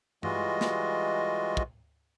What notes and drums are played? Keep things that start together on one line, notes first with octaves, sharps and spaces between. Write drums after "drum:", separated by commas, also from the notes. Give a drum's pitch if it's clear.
E3 G3 G#3 F4 F#4 D#5, drum: tom
drum: snare
drum: kick